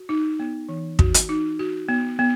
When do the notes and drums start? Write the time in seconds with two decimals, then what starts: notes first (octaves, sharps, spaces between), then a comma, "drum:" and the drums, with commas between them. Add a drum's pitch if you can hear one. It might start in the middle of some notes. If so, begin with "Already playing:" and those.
Already playing: F#4
0.09 D#4
0.40 B3
0.69 E3
0.99 F#4, drum: kick
1.14 drum: hi-hat
1.29 D#4
1.60 F#4
1.89 B3
2.19 B3